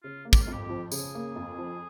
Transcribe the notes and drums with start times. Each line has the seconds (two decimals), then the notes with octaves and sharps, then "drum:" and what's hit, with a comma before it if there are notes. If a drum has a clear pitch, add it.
0.03 C#3 F4
0.25 A#3
0.33 G4, drum: kick, tambourine
0.42 F4
0.47 F2 G4
0.63 G4
0.69 F3
0.92 C#3 G#4, drum: tambourine
1.14 A#3
1.36 F2
1.58 F3